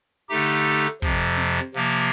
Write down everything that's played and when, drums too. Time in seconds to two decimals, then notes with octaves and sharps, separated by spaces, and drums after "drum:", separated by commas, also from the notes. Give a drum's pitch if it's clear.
0.29 D3 A3 D#4 G4
1.02 F2 C3 F3, drum: kick
1.37 drum: snare
1.74 C3 F3 A#3, drum: open hi-hat